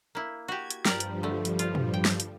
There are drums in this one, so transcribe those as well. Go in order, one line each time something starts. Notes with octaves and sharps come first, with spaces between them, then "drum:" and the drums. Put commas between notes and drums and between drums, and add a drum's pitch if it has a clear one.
A#3 E4
F#4 G4 G#6
drum: hi-hat
G2 F3 G3 G4 A#4 D5, drum: snare
drum: hi-hat
D3 A3
drum: hi-hat
F4, drum: hi-hat
drum: tom
G5
drum: snare
drum: hi-hat